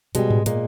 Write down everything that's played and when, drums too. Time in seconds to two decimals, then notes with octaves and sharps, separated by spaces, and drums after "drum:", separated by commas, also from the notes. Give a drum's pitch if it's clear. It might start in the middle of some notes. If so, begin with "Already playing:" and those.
0.15 B2 G3 G#3, drum: hi-hat
0.30 drum: tom G#2
0.46 A#2 G#3 A#3, drum: hi-hat